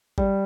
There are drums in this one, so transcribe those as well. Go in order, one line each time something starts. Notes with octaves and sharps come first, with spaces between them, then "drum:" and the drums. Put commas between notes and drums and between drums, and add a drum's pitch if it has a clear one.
G3, drum: kick G#1